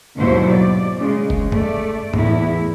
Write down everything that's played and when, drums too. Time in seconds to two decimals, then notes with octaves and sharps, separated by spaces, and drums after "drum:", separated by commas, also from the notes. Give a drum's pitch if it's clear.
0.17 D#2 G#2 B2 F#3 E4 C5
0.49 D5
0.99 C#3 G#3
1.30 drum: kick
1.52 A3 D5, drum: tom F#2
2.14 E2 A2 B3 E4, drum: tom F#2